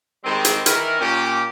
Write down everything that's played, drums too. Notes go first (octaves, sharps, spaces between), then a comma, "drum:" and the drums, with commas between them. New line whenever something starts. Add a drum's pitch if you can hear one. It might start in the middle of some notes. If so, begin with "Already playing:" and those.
D#3 G3 G#3 C4
drum: hi-hat
D#3 E3 E4 A#4, drum: hi-hat
A#2 C#4 G4